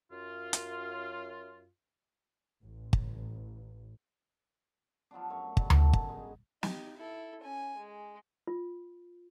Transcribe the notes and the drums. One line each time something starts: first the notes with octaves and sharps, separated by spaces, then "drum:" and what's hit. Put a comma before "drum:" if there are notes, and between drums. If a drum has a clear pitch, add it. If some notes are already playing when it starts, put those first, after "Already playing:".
F#2 F4
drum: hi-hat
A1
drum: kick
F3 F#3 B3 D4
F#2 A3 C#5
F#2 B2 F#3 G3, drum: kick
D4 D#4 A4, drum: tom D2
G#5, drum: kick
G#3 D#4
D#4 G4, drum: snare
E4 A4
C#4 G#5
G#3
F4